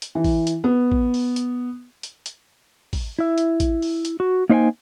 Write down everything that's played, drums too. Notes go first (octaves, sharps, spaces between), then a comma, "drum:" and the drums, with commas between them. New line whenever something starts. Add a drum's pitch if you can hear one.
drum: hi-hat
E3
drum: kick A1, open hi-hat
drum: hi-hat
B3
drum: kick A1
drum: open hi-hat
drum: hi-hat
drum: hi-hat
drum: hi-hat
drum: kick A1, open hi-hat
E4 E5
drum: hi-hat
drum: kick A1, hi-hat
drum: open hi-hat
drum: hi-hat
F#4
A#3 D#4 C5 F5 G5 G#5